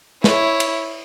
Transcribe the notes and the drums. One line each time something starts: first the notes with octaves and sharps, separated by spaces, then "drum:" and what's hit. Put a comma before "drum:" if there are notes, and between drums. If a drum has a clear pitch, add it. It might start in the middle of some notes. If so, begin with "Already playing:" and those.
E4 C#5, drum: snare
drum: cymbal